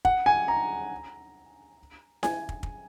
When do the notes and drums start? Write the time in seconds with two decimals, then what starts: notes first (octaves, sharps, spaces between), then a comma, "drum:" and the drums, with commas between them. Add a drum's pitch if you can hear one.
0.05 F#5, drum: kick
0.26 G#5
0.48 A#5
2.23 G#5, drum: snare E4
2.49 drum: kick
2.63 drum: kick